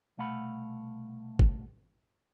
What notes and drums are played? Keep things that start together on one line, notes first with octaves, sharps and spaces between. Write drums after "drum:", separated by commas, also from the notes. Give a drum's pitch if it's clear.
C2 B2 A3 F5 F#5 B5
drum: kick